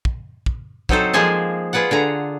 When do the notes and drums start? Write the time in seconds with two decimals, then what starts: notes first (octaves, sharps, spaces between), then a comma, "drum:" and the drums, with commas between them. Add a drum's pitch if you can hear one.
0.05 drum: kick
0.46 drum: kick
0.89 F#3 C4 D#4 A4 C5, drum: kick
1.13 F3 G#3 A#3 G#4 G#5 A5
1.73 F4 G#4 B4 D5 F#5
1.91 D3 G#4 A#5